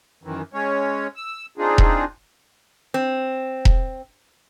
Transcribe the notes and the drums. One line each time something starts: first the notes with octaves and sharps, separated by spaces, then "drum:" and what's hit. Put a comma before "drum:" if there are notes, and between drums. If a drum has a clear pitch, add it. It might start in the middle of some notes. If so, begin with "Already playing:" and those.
F#2 D#3 E3
G#3 C#4 C#5
E6
C4 D4 D#4 F4 G#4
drum: kick E1
C4
drum: kick E1